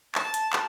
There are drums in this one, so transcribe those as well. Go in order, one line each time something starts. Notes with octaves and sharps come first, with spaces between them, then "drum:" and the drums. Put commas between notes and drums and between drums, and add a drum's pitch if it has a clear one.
A5, drum: clap
drum: hi-hat
drum: clap